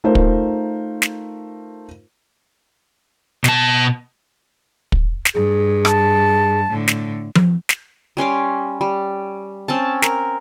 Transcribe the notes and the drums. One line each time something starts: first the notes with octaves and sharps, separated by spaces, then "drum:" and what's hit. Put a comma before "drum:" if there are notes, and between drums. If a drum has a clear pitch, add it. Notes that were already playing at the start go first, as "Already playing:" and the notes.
A3 D#4 F4 A#4 C5
drum: kick
drum: snare
B2 A5, drum: snare
drum: kick
drum: snare
G2 G#4
A5, drum: rim click
A2 D3
drum: snare
drum: tom F3
drum: snare
G3 C#4 C6 D6
G3
C4 C#4 A5
A#4, drum: snare